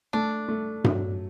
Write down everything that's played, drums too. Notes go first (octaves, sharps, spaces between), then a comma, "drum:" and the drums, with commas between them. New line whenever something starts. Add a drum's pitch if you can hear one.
A3 D4
A3
F#3, drum: tom G2